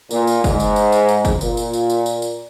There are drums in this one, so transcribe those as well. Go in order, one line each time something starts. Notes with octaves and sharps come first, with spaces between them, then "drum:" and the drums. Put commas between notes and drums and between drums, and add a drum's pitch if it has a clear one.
A#2, drum: tambourine
drum: tambourine
G#2, drum: kick, tambourine
drum: tambourine
drum: tambourine
drum: tambourine
drum: tambourine
drum: kick, tambourine
A#2, drum: tambourine
drum: tambourine
drum: tambourine
drum: tambourine
drum: tambourine
drum: tambourine